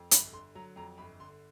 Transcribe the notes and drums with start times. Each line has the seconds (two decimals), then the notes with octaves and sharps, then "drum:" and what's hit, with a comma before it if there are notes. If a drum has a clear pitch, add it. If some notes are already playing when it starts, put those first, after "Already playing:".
Already playing: F2
0.11 G1 B5, drum: hi-hat
0.33 D3 C6
0.55 F#3 A#5
0.76 F2 A#5
0.98 G1 B5
1.20 D3 C6